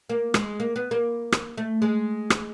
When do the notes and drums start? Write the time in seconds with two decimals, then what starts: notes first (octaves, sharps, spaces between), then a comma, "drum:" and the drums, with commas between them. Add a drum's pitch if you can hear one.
0.09 A#3
0.34 G#3, drum: rim click
0.60 A#3
0.76 B3
0.91 A#3
1.32 drum: rim click
1.57 A3
1.82 G#3
2.30 drum: rim click